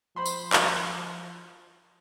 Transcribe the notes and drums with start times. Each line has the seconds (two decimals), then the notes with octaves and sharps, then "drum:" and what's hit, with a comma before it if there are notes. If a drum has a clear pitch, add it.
0.16 F3 C5 B5 C6
0.26 drum: tambourine
0.53 drum: clap